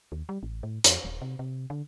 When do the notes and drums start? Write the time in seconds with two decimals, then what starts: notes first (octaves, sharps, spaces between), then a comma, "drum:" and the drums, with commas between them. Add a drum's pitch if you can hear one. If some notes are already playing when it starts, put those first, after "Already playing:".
0.12 D#2
0.29 G3
0.43 A1
0.63 A2
0.84 F2, drum: hi-hat
1.04 D#1
1.22 C3
1.39 C3
1.70 D3